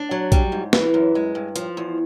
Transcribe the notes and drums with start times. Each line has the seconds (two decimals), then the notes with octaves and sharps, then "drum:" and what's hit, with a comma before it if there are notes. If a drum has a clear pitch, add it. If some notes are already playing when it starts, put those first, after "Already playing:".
Already playing: D4
0.11 F#3
0.32 G3, drum: kick, hi-hat
0.52 G#2
0.73 E3, drum: snare
0.94 F#2
1.15 G#3
1.35 G2
1.56 F3, drum: hi-hat
1.77 E2